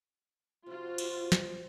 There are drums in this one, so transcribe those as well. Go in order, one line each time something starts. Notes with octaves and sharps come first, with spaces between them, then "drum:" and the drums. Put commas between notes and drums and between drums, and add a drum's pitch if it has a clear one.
C3 F3 F4 F#4
drum: cymbal
drum: snare